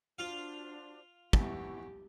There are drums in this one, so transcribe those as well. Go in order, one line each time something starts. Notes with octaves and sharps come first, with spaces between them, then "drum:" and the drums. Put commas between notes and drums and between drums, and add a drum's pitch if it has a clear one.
D4 F4 F#4 C5 F5
E2 E3 E4 G4 C#6, drum: kick